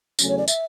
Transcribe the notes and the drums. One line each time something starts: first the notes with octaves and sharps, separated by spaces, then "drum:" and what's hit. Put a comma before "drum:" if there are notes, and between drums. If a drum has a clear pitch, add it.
E2 C#3 F#3 A3 C#4, drum: tambourine
C#5
D5
E5, drum: tambourine